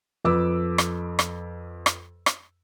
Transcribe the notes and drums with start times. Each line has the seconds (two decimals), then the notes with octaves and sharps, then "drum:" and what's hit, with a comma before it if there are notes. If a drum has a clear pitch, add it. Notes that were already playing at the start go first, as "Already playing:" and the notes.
0.25 F2 B4 D6 E6
0.78 drum: rim click
1.19 drum: rim click
1.86 drum: rim click
2.26 drum: rim click